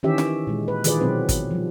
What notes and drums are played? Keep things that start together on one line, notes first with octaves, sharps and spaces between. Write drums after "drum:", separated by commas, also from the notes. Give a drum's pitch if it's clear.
D#3 E3 C#4 G4 E5
drum: snare
A#2 G#3
B4
D#3 E3 F4 G#4 B4 D5, drum: hi-hat
B2 F#3 C4 B4
drum: kick, hi-hat
F3 G3